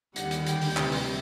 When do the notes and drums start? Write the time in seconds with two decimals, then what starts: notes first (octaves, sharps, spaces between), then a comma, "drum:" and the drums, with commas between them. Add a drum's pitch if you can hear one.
0.16 D#2 D3 G3 F#5, drum: hi-hat
0.31 drum: hi-hat
0.47 G5, drum: hi-hat
0.62 drum: open hi-hat
0.77 D2 C3 E3 G3, drum: clap
0.92 drum: open hi-hat